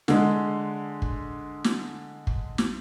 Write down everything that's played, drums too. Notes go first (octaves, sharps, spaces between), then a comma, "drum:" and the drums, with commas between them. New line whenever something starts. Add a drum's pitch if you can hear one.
D3 G#3, drum: snare
drum: kick
drum: snare
drum: kick
drum: snare